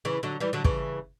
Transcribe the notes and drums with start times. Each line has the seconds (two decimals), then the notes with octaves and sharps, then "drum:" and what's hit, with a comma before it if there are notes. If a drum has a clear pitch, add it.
0.05 C#3 E3
0.23 D3 F#3
0.40 E3 G3
0.53 D3 F#3
0.64 C#3 E3, drum: kick